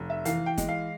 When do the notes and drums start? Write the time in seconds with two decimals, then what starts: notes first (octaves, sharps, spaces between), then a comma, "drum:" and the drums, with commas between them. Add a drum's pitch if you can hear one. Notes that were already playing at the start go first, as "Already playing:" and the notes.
Already playing: F1
0.10 E5
0.25 E3 F5, drum: hi-hat
0.46 G5
0.58 G#3, drum: kick, hi-hat
0.69 F5